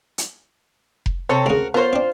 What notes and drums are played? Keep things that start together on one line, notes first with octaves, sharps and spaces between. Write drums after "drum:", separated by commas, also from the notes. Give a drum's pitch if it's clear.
drum: hi-hat
drum: kick F1
C3 C4 A4 C#5
D2 C#3 F#4 A#4
B3 F4 A#4 C5 C#5
C4 D4